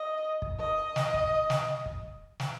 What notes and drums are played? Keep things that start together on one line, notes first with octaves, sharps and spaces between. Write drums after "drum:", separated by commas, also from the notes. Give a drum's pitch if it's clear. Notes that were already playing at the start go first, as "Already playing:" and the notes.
Already playing: D#5
drum: kick
D#5
drum: snare
drum: kick
drum: snare
drum: kick
drum: snare